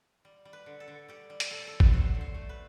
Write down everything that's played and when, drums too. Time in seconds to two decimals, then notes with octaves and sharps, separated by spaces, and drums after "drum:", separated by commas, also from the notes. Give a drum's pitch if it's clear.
0.25 G3
0.45 G3
0.53 B4
0.66 D3
0.80 A4
0.88 D3
1.08 G3 G4
1.30 G3
1.40 drum: hi-hat
1.50 A2 A4
1.67 A4
1.72 A2
1.80 B4, drum: kick G#1
1.93 F#3 C5
2.15 D3
2.21 C5
2.35 A3
2.49 B4